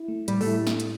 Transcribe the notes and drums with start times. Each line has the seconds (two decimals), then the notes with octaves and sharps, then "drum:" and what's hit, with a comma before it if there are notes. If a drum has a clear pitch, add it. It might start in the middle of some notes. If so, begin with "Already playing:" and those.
Already playing: E4
0.08 A3
0.28 A2 G3, drum: hi-hat
0.41 A3, drum: open hi-hat
0.47 E4
0.67 drum: snare
0.80 drum: hi-hat